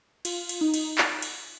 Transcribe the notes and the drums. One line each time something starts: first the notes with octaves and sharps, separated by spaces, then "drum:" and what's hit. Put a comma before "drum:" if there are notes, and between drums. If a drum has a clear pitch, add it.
F4, drum: cymbal
drum: cymbal
D#4
drum: cymbal
drum: clap
drum: cymbal